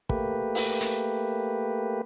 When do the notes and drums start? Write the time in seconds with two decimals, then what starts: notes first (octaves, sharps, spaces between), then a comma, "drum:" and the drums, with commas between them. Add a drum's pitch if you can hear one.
0.09 A3 A#3 G4 B4, drum: kick
0.55 drum: open hi-hat
0.80 drum: hi-hat